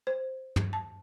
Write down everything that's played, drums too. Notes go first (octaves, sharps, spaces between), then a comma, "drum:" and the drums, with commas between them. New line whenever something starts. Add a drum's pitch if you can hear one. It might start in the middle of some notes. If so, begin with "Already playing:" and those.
C5
drum: tom
A5